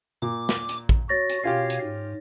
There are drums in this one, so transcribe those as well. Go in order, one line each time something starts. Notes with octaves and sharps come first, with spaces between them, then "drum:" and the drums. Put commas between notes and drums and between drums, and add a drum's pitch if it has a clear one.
A#2 D6
drum: snare
drum: hi-hat
drum: kick
F#4 C#5 A6 A#6
drum: hi-hat
B2 C#4 F4 G4 F5 G#6
drum: hi-hat
G#2